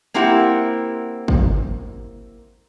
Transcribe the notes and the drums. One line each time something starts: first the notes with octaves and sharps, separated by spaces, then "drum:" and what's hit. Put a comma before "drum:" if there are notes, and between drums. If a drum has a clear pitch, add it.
A#3 C4 E4 G4 F#5
drum: kick